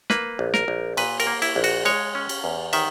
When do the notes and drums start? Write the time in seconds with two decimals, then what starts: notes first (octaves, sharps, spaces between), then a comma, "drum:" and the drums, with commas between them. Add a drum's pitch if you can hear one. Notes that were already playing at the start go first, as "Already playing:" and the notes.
0.10 A#3 B4, drum: snare
0.39 A#1
0.54 A#4, drum: snare
0.68 A#1
0.97 A#2 B4, drum: cymbal
1.20 A#4, drum: cymbal
1.27 A#3
1.42 E4, drum: cymbal
1.56 A#1
1.64 F#4, drum: cymbal
1.85 G#3 C#5, drum: cymbal
2.15 C#4
2.29 drum: cymbal
2.44 E2
2.73 D#3 E5, drum: cymbal